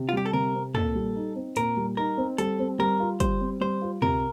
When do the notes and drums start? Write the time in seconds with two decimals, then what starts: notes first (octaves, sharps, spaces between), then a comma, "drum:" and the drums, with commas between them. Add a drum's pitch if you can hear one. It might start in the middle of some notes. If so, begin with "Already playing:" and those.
Already playing: C3
0.09 F4
0.13 G3 G4
0.26 A4
0.33 C3 A#4
0.54 C4
0.74 A#2 A4, drum: tom
0.95 G3
1.16 D#4
1.35 C4
1.56 A#2 A#4, drum: hi-hat
1.77 G3
1.97 D#4 A#4
2.17 C4
2.38 G3 A4, drum: hi-hat
2.59 C4
2.79 G3 A#4
3.00 F4
3.20 G3 C5, drum: kick, hi-hat
3.41 C4
3.61 G3 C5
3.82 F4
4.02 C3 A#4, drum: tom